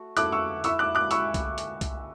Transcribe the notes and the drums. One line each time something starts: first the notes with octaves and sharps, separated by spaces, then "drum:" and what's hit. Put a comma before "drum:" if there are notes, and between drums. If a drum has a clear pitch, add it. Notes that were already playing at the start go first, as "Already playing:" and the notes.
Already playing: A3 F#4
E4 A4 E5 D6 F#6, drum: hi-hat
C#6 E6
E4 B4 E5 C#6 E6, drum: hi-hat
D6 F#6
D6 F#6
E4 B4 E5 C#6 E6, drum: hi-hat
drum: kick C2, hi-hat
drum: hi-hat
drum: kick C2, hi-hat